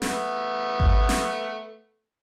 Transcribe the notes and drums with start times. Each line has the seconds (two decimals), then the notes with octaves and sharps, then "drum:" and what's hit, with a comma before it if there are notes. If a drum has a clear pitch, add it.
0.02 A3 B3, drum: snare
0.80 drum: kick G#1
1.09 drum: snare